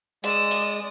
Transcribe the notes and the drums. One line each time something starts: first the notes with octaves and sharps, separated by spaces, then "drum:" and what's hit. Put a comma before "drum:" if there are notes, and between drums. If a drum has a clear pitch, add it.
G#3 D5 D#6 E6, drum: hi-hat
drum: open hi-hat